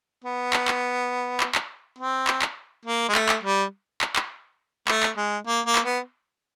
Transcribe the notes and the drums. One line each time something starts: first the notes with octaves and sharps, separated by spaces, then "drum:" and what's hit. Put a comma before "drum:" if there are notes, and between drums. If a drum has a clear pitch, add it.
B3
drum: clap
drum: clap
drum: clap
drum: clap
C4
drum: clap
drum: clap
A#3
G#3
A3, drum: clap
drum: clap
G3
drum: clap
drum: clap
A3, drum: clap
drum: clap
G#3
A#3
A#3
drum: clap
B3